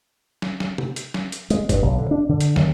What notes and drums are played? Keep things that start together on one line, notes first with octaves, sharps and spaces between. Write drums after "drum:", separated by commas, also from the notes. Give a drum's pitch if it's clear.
drum: snare
drum: snare
drum: tom
drum: hi-hat
drum: snare
drum: hi-hat
G#3, drum: hi-hat
G2, drum: kick, hi-hat
B1
D3
D4
D3
drum: hi-hat
D#2, drum: snare